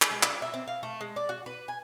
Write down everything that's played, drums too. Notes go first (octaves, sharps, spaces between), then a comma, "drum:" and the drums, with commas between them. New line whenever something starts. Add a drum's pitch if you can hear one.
drum: clap
G#3
D4, drum: clap
E5
C4
F5
A3
G#3
D5
F#4
B4
G#5